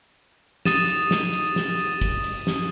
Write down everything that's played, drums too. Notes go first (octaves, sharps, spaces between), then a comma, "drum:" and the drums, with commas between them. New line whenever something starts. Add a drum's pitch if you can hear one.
D#6 A6 D#7 E7, drum: snare
drum: hi-hat
drum: snare
drum: hi-hat
drum: snare
drum: hi-hat
drum: kick, hi-hat
drum: hi-hat
drum: snare